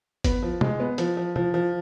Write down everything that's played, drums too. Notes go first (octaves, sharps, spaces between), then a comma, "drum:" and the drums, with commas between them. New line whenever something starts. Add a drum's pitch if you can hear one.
B3, drum: kick G1, hi-hat
F3
G#3, drum: tom
B3
F3, drum: hi-hat
F3
F3, drum: tom
F3